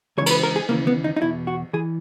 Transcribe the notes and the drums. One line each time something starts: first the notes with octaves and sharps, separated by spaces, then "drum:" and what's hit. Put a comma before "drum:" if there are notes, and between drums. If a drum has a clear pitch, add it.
C#2 C#3 E3 C#5
A#4, drum: cymbal
B4
A#4
G#4
D#2 C#3 E3 A#3
B3
D#4
D#4
E2 B2 E4
F#4
E3 G#4